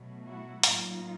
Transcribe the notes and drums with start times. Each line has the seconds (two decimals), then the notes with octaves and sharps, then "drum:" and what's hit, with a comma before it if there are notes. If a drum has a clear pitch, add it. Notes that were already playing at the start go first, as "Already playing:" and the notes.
Already playing: B2 F#3 A3
0.25 E4 F#4
0.63 A2 F#3 A#3 D#4 F4, drum: hi-hat